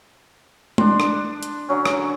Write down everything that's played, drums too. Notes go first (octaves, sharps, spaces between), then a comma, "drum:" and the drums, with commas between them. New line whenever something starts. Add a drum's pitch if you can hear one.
D4 C6, drum: tom G#3
drum: rim click
drum: hi-hat
D3 F#3 C#4
drum: rim click